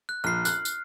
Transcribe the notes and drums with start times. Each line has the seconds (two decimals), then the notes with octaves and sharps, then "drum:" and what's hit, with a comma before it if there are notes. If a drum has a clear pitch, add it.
0.09 F#6
0.24 A#1 F6 C7
0.45 F#6, drum: tambourine
0.65 drum: tambourine